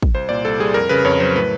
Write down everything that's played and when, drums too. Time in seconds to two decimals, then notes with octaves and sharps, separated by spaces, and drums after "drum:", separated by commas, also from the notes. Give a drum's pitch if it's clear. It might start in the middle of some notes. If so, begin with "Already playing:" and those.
0.02 drum: kick
0.15 C2 C5
0.29 A#2 D5
0.45 C2 A4
0.60 G3 G#4
0.74 F2 A#4
0.89 C#3 B4
1.05 F2 C#5
1.20 F#3 C5
1.36 A2 B4